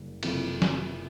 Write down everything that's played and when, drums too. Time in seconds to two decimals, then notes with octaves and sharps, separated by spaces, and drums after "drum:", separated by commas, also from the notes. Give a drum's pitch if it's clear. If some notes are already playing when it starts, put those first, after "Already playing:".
Already playing: F#1 G3
0.23 F#1 F2 C3 E3, drum: cymbal
0.62 drum: snare